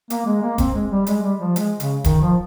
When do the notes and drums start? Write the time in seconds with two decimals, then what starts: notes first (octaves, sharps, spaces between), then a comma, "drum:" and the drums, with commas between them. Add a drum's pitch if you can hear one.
0.10 A#3, drum: hi-hat
0.26 G#3
0.42 A#3
0.58 C4, drum: kick D#1, hi-hat
0.74 G#3
0.91 G3
1.07 G#3, drum: hi-hat
1.23 G3
1.40 F3
1.56 G#3, drum: hi-hat
1.80 C#3, drum: hi-hat
2.04 D#3, drum: kick D#1, hi-hat
2.21 F3